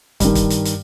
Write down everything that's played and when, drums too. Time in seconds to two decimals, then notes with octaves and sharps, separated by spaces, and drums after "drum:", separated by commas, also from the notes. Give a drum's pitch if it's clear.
0.20 G2 D#3, drum: kick, hi-hat
0.35 drum: kick, hi-hat
0.50 drum: hi-hat
0.65 drum: hi-hat